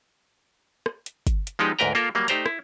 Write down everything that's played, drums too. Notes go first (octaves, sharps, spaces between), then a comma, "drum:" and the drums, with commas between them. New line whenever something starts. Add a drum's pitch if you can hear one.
drum: rim click
drum: hi-hat
drum: kick, hi-hat
drum: hi-hat
F3 G#3 B3 D#4 G4 D5
D2 G#2 A#4 B4 G5 A#5
A#3 F4 A4 A#4
F#3 G3 A#3
A3 D#4 G4 C5 D5 A#5, drum: hi-hat
E4, drum: rim click